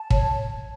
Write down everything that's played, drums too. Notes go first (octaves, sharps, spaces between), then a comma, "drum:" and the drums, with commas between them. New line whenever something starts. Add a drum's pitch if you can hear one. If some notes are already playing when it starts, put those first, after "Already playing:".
Already playing: A5
C#5, drum: kick